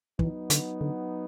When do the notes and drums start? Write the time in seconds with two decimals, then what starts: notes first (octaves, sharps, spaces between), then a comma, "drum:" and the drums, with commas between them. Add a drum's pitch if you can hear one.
0.19 E3 F#3 B3 D#4, drum: kick
0.50 D3, drum: hi-hat
0.81 D3